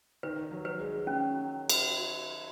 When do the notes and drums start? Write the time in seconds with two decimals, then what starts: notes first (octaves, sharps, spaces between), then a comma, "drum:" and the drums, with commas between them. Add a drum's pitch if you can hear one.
0.23 D#3 B4
0.51 F#3
0.65 B4
0.79 G#3
1.07 C#4
1.69 drum: cymbal